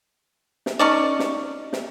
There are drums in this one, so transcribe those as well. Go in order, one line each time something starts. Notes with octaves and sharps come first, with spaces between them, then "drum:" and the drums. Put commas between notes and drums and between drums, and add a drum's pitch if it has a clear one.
drum: snare
C#4 D#4 D5
drum: snare
drum: snare